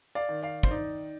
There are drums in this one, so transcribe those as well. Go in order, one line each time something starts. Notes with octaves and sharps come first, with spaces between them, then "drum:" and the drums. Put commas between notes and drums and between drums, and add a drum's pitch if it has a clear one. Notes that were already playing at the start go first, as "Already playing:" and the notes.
D5 F5
D#3
D5 F5
C5, drum: kick
D#4 D5